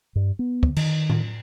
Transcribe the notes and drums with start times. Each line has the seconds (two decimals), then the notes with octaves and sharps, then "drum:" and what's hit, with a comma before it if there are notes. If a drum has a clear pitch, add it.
0.15 G2
0.39 B3
0.63 drum: kick
0.76 D#3, drum: cymbal
1.10 drum: tom A2